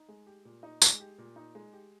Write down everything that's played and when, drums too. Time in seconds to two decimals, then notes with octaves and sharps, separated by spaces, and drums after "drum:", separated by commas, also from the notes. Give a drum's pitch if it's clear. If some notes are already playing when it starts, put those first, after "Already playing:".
Already playing: D#4
0.09 G#3
0.27 G4
0.45 A#2
0.63 D#4
0.82 G#3, drum: tambourine
1.00 G4
1.18 A#2
1.36 D#4
1.55 G#3
1.73 G4